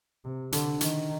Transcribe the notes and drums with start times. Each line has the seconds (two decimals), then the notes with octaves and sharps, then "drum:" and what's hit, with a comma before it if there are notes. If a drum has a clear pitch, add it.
0.25 C3
0.52 D3, drum: hi-hat
0.81 D#3, drum: hi-hat